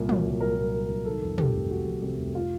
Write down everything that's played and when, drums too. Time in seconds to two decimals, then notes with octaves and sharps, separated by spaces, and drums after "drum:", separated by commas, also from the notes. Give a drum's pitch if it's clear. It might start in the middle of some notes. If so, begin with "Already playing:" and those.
Already playing: C2 A#2
0.09 F#3, drum: tom
0.25 C2
0.40 C2 A#4
0.57 A#2
0.73 F#3
0.89 C2
1.05 D#3 A4
1.22 F2
1.38 C3 G4, drum: tom
1.53 F1
1.70 D#3 F#4
1.87 F2
2.02 C3 G4
2.19 F1
2.35 F4